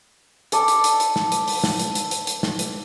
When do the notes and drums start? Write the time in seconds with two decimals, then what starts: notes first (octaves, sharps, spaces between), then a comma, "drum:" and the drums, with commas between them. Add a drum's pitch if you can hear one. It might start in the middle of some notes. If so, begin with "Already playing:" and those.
0.52 A4 D5, drum: hi-hat
0.68 drum: hi-hat
0.84 drum: hi-hat
1.00 drum: hi-hat
1.16 drum: snare
1.32 drum: hi-hat
1.48 drum: open hi-hat
1.64 drum: snare
1.79 drum: hi-hat
1.95 drum: hi-hat
2.11 drum: hi-hat
2.27 drum: hi-hat
2.43 drum: snare
2.59 drum: hi-hat